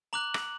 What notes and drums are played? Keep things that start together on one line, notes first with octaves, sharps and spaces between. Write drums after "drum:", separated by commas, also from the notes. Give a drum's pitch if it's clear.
A#5 D6 F#6 F#7
drum: rim click